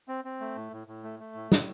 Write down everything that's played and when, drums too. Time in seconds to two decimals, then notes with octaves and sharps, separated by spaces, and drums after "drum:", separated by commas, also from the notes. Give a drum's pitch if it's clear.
0.08 C4
0.25 C4
0.40 A3
0.56 A2
0.72 A2
0.87 A2
1.04 A3
1.20 A3
1.35 A2
1.52 A2, drum: snare